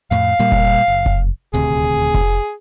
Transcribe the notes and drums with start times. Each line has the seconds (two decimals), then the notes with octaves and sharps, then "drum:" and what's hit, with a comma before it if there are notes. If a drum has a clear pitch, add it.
0.11 F2 A2 F5
0.39 A#2 G3 A#3
0.52 drum: kick F1
0.88 F#1
1.06 drum: kick F1
1.54 D#1 D2 C3 G#4
2.15 drum: kick F1